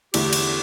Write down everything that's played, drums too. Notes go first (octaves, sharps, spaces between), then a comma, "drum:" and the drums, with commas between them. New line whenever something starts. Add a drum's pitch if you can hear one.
E2 D3 A3 E4 G4, drum: cymbal
drum: cymbal